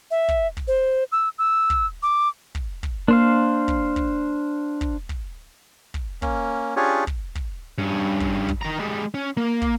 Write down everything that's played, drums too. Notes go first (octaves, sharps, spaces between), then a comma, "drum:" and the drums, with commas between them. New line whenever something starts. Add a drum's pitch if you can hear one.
E5
drum: kick
drum: kick
C5
E6
E6
drum: kick
D6
drum: kick
drum: kick
A#3 D4 C5 F5
drum: kick
drum: kick
drum: kick
drum: kick
drum: kick
A#3 C#4, drum: kick
C#4 D4 F4 G4 G#4 C#5
drum: kick
drum: kick
G2 C#4
drum: kick
drum: kick
D#3 A#5
G3 G#3
C#4
A#3
drum: kick